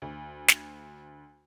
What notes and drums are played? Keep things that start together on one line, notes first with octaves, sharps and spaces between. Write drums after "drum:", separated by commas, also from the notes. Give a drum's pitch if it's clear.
D2
drum: snare